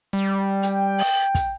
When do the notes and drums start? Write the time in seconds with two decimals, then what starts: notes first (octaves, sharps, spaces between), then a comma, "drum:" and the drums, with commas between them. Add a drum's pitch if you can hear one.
0.13 G3
0.62 G5, drum: hi-hat
0.98 drum: open hi-hat
1.35 drum: kick, hi-hat